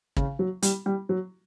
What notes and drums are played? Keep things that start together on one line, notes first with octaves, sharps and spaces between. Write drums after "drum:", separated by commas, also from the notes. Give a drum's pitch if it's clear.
C#3, drum: kick
F#3
G3, drum: hi-hat
G3
F#3